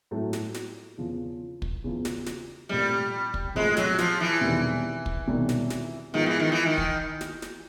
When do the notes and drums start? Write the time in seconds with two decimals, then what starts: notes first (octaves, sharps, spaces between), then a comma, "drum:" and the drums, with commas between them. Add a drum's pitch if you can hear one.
0.11 A2 F#3 A3
0.33 drum: snare
0.54 drum: snare
0.98 E2 C#3 F3
1.62 drum: kick
1.84 E2 C#3 F3
2.05 drum: snare
2.26 drum: snare
2.69 C2 A#2 F3 G3 A3 C4
3.34 drum: kick
3.55 C2 A#2 F3 G#3 A3 C4
3.77 F#3, drum: snare
3.99 F3, drum: snare
4.20 E3
4.41 E1 E2 C3 D#3 G3
5.06 drum: kick
5.28 E1 E2 C3 D#3 G3
5.49 drum: snare
5.70 drum: snare
6.13 G#2 D#3 F3 G#3 B3
6.26 E3
6.40 D#3
6.52 E3
6.66 D#3
6.78 drum: kick
7.21 drum: snare
7.42 drum: snare